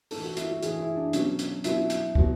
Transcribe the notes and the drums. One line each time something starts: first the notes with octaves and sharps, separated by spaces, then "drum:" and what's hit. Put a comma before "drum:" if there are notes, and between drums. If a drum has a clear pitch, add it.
A2 E3 A4, drum: open hi-hat
F#4
E4, drum: hi-hat
F#4
A2 E3 G#4, drum: hi-hat
E4
D4
B2 F#3 C#4, drum: hi-hat
drum: hi-hat
B2 F#3 E4, drum: hi-hat
drum: hi-hat
B2 F#3, drum: kick